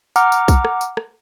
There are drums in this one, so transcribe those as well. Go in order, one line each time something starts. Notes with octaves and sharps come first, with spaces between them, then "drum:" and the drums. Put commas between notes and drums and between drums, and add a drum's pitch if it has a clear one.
F#5 A#5 D6 F6, drum: tambourine
drum: tambourine
drum: kick B1, tambourine
drum: rim click
drum: tambourine
drum: rim click